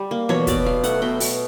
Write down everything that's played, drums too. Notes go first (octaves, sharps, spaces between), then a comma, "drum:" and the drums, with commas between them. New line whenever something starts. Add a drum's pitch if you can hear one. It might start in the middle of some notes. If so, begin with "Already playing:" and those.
Already playing: G3
A#3
B2 C#5, drum: tom E3
B2 D5, drum: kick, hi-hat
F#3 F5
A3 F#5, drum: hi-hat
B2 G5
B2, drum: open hi-hat